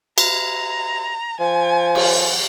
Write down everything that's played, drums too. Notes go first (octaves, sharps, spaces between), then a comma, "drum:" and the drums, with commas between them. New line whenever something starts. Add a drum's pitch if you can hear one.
A#5, drum: cymbal
F3 G#5
drum: cymbal